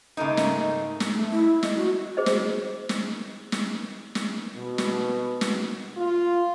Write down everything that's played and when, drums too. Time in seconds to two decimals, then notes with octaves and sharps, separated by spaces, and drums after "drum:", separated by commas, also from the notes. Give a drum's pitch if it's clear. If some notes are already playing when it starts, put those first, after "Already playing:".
0.17 G#2 C#3 A3 A#3 D#4
0.37 drum: snare
1.00 drum: snare
1.13 A3
1.32 E4
1.63 D#5, drum: snare
1.77 F#4
2.17 G#4 C5 D#5
2.26 drum: snare
2.89 drum: snare
3.52 drum: snare
4.15 drum: snare
4.57 B2
4.78 drum: snare
5.41 drum: snare
5.97 F4